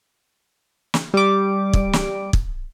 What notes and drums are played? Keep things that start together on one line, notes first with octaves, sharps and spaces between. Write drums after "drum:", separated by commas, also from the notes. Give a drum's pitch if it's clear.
drum: snare
G3 D6
drum: kick
drum: snare
drum: kick